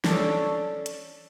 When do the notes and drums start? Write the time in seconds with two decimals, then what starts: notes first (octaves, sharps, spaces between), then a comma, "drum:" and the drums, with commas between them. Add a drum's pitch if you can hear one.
0.04 C#4 D4 A4, drum: snare
0.86 drum: hi-hat